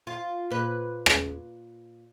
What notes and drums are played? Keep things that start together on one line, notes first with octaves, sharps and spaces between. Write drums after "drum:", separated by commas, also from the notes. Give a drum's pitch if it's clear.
F4
A#2 B4
drum: rim click